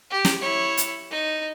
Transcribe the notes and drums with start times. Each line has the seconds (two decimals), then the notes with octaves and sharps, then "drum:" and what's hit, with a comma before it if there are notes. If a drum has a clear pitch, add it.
0.11 G4
0.25 drum: snare
0.41 E4 C#5
0.77 drum: hi-hat
1.11 D#4